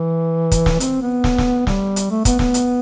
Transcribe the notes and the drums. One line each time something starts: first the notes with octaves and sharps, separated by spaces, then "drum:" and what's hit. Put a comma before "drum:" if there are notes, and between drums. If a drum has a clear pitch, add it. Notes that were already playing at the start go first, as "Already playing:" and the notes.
Already playing: E3
drum: kick, hi-hat
drum: snare
C4, drum: hi-hat
B3
drum: snare
drum: snare
G3, drum: snare
drum: hi-hat
A3
B3, drum: kick, hi-hat
B3, drum: snare
drum: hi-hat